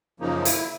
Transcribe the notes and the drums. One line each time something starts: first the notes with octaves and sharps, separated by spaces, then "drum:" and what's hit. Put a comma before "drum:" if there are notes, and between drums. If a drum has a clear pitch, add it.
F#2 C#3 F3 A#3 D#4
E4, drum: hi-hat